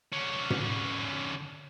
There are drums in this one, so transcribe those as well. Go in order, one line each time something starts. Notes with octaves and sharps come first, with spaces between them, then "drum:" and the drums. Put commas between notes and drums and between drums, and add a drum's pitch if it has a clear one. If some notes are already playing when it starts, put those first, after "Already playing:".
D3 C#4
drum: tom